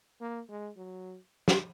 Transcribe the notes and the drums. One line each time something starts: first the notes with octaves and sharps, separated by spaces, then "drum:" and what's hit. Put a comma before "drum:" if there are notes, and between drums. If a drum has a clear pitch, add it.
A#3
G#3
F#3
drum: snare